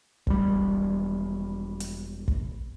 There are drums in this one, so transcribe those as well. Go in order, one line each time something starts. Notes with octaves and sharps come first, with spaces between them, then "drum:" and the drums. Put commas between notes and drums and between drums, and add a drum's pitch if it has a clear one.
E1 G3, drum: kick
drum: hi-hat
drum: kick